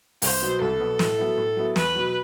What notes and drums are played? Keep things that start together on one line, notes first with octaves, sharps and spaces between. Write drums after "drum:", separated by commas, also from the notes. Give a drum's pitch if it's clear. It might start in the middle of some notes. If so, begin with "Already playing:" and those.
C2 C5, drum: open hi-hat
B2 F#3 B3
C2 A4
B2 F#3 B3
A2, drum: snare
F#3 B3 E4
A2
F#3 B3 E4
E2 B4, drum: snare
B2 F#3